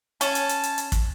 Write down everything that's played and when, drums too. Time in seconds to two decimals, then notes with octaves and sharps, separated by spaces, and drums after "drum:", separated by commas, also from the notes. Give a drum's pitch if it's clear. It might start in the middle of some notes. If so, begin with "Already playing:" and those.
0.21 C#4 A5, drum: hi-hat
0.35 drum: hi-hat
0.49 drum: hi-hat
0.63 drum: hi-hat
0.78 drum: hi-hat
0.92 drum: kick, hi-hat